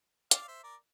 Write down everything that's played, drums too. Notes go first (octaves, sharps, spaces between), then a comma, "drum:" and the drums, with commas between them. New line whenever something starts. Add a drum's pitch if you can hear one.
D5 F5, drum: hi-hat
F5
C5 E5
A#4 D5